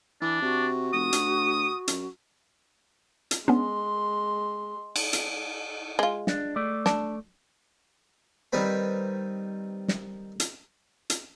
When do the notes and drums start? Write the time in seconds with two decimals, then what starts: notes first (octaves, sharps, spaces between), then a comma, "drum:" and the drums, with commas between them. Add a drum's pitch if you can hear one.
0.22 E3 D4
0.42 C3 F#4
0.93 F1 D#6
1.13 D2, drum: hi-hat
1.88 F#2, drum: hi-hat
3.31 drum: hi-hat
3.48 G#3 B3 C#4 D4 C6
4.96 drum: cymbal
5.13 drum: hi-hat
5.99 G#3 F4
6.27 D4, drum: snare
6.56 A3 D5
6.86 D4, drum: snare
8.53 D#3 G3 C4 B4 B5
9.88 drum: snare
10.40 drum: hi-hat
11.10 drum: hi-hat